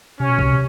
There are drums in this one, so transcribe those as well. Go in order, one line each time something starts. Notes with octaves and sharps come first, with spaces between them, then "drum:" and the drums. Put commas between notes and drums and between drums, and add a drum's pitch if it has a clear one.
C3 C#4
B2
C3, drum: kick